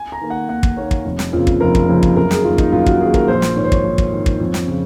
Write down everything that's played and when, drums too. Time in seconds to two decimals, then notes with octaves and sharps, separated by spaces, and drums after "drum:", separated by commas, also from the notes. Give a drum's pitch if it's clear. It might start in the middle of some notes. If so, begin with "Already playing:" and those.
Already playing: G#5
0.12 A#5
0.21 D#3 A#3
0.30 F#5
0.49 D#2 F#5
0.63 drum: kick
0.77 D#3 A#3 C#5
0.91 drum: kick
1.05 F1
1.19 drum: snare
1.33 F2 C#3 F3 A#3
1.47 drum: kick
1.61 F1 A#4
1.75 drum: kick
1.89 F2 C#3 F3 A#3
2.03 drum: kick
2.17 F#2 A#4
2.31 G#4, drum: snare
2.44 D#3 A#3 F4
2.58 D#4, drum: kick
2.72 F#2 F4
2.86 F#4, drum: kick
3.01 D#3 A#3 G#4
3.14 A#4, drum: kick
3.28 A#1 C5
3.42 drum: snare
3.56 G#2 D#3 C#5
3.64 C5
3.72 C#5, drum: kick
3.84 A#1
3.98 drum: kick
4.12 G#2 D#3
4.26 drum: kick
4.40 F2
4.54 drum: snare
4.67 C#3 F3